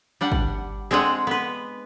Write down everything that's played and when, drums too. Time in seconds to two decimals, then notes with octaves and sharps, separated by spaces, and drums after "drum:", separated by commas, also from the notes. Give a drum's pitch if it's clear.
0.21 G3 D4 F#5
0.32 drum: kick
0.91 G#3 C4 D4 G#4 F#5
1.27 B3 B4